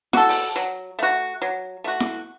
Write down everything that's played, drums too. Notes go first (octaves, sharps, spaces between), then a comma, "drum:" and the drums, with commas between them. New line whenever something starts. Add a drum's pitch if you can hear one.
F#4 A4, drum: snare E4
drum: open hi-hat
F#3
A3 F#4
F#3
A3 F#4
drum: snare E4